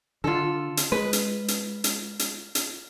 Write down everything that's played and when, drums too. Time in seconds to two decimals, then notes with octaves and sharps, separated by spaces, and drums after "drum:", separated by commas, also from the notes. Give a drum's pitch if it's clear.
0.24 D3 F4 A4
0.77 drum: hi-hat
0.92 G#3 B4
1.13 drum: hi-hat
1.48 drum: hi-hat
1.84 drum: hi-hat
2.19 drum: hi-hat
2.55 drum: hi-hat